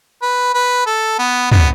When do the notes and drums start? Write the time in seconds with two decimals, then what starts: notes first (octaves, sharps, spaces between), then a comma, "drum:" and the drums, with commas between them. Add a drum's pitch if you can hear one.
0.22 B4
0.54 B4
0.87 A4
1.19 B3
1.52 B3, drum: tom